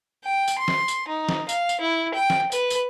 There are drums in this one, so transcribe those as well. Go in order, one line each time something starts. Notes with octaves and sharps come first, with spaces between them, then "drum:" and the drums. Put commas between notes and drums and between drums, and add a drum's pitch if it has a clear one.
G5
drum: tambourine
C6
drum: snare
drum: tambourine
D#4
drum: snare
F5, drum: tambourine
drum: tambourine
E4
G5
drum: snare
B4, drum: tambourine
drum: tambourine